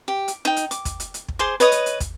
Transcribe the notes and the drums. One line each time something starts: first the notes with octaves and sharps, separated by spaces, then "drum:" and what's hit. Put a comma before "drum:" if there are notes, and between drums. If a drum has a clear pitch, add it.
G4
drum: hi-hat
D#4 G5
drum: hi-hat
D6, drum: hi-hat
drum: kick, hi-hat
drum: hi-hat
drum: hi-hat
drum: kick
G#4 C5 C6 D6
B4 C#5 D#5 D#6, drum: hi-hat
drum: hi-hat
drum: hi-hat
drum: kick, hi-hat